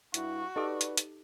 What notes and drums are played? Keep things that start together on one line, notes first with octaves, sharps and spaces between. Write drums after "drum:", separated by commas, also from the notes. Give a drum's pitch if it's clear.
G2 E4 F#4, drum: hi-hat
D#4 G4 A4 B4 D5 D#5 D6
drum: hi-hat
drum: hi-hat